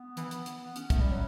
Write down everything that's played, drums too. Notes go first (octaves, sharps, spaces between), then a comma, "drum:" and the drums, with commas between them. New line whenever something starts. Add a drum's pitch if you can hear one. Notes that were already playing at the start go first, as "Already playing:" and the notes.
Already playing: B3
E3, drum: hi-hat
drum: hi-hat
drum: hi-hat
B3
C#4, drum: hi-hat
A3, drum: kick, hi-hat
G3
F#3